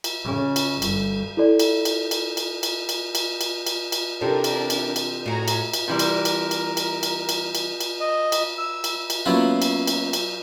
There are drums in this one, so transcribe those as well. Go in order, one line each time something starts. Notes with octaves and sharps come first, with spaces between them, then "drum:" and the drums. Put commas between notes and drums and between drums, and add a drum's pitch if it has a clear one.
drum: cymbal
C#3
drum: cymbal
G1, drum: cymbal
E4 A4 D5
drum: cymbal
drum: cymbal
drum: cymbal
drum: cymbal
drum: cymbal
drum: cymbal
drum: cymbal
drum: cymbal
drum: cymbal
drum: cymbal
C3 E3 D4 G4 A4 A#4
drum: cymbal
drum: cymbal
drum: cymbal
A2 F#4 G#4 A#5
drum: cymbal
drum: cymbal
C3 E3 G3 A#4
drum: cymbal
drum: cymbal
drum: cymbal
drum: cymbal
drum: cymbal
drum: cymbal
drum: cymbal
drum: cymbal
D#5
drum: cymbal
E6
drum: cymbal
drum: cymbal
F#3 A#3 B3 C#4 E4 F4
drum: cymbal
drum: cymbal
drum: cymbal